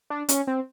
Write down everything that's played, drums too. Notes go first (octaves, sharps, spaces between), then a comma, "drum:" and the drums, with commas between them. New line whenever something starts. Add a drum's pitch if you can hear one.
D4
C#4, drum: hi-hat
C4